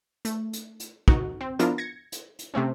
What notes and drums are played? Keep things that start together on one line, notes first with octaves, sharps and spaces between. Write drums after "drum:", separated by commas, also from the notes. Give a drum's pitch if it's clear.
A3, drum: hi-hat
drum: hi-hat
drum: hi-hat
D#4 F#4, drum: kick
C4
F3 B3 D4 E4 F4 A#4, drum: hi-hat
G#6 A#6 C#7
drum: hi-hat
drum: hi-hat
C3 A3 C4 C#4